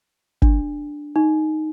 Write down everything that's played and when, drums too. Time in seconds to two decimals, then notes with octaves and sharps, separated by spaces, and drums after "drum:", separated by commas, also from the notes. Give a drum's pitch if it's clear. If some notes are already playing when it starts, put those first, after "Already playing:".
0.42 D4, drum: kick
1.16 D#4